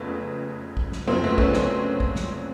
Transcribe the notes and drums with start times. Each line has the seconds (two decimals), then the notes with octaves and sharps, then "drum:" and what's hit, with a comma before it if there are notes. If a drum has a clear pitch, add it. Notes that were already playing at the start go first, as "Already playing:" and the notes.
Already playing: F#1 F2 C#3 A3 B3
0.77 drum: kick
0.92 drum: snare
1.07 F1 F2 C#3 F#3 A#3 C4
1.24 A3 B3
1.38 B3 C#4, drum: kick
1.53 C4 D4, drum: snare
2.00 drum: kick
2.16 drum: snare